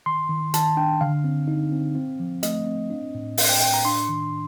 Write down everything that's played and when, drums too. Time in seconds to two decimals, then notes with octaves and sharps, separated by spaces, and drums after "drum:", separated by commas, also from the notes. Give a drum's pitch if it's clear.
0.06 D#3 C6
0.29 D#3
0.54 D#3 A5, drum: hi-hat
0.77 D4 G5
1.01 D3 F5
1.24 C4
1.48 D#4
1.72 C4
1.95 C4
2.20 F3
2.43 A3 D#5, drum: hi-hat
2.66 C4
2.90 D4
3.15 A2
3.38 A2 F5, drum: open hi-hat
3.49 G5
3.61 A2 G5
3.74 A#5
3.85 D4 C6
4.09 D#3